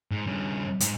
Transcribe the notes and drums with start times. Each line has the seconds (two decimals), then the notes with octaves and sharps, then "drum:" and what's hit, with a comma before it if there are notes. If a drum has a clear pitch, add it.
0.11 G#2
0.27 G2 C#3
0.80 G#2, drum: hi-hat